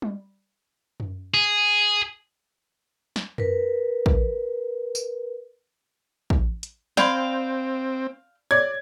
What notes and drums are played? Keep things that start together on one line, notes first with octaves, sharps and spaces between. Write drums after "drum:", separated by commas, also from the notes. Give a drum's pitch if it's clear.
drum: tom G3
drum: tom F#2
G#4
drum: snare
A#4 B4, drum: tom F#2
drum: kick
drum: tambourine
drum: kick
drum: hi-hat
C4 D5 F5 G5 B5 C6, drum: snare
C#5 D5 G#6